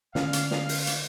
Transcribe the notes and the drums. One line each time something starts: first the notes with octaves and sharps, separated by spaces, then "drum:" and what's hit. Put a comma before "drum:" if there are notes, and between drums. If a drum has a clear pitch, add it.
D3 C#4 F5, drum: snare
drum: hi-hat
drum: snare
drum: open hi-hat
drum: hi-hat